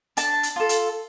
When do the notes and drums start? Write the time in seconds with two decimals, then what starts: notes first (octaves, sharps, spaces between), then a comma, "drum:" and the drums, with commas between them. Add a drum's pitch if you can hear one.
0.17 D4 A5, drum: hi-hat
0.43 drum: hi-hat
0.56 F4 A4
0.69 drum: hi-hat